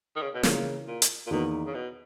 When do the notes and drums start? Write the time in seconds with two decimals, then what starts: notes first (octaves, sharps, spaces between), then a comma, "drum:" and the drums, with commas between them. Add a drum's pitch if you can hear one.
0.16 D#3
0.21 C#3
0.35 B2
0.43 A#2 C#3 E3 A#3, drum: snare
0.87 A#2
1.02 drum: hi-hat
1.27 A#2
1.31 E2 B2 D#3 A#3
1.66 C#3
1.74 B2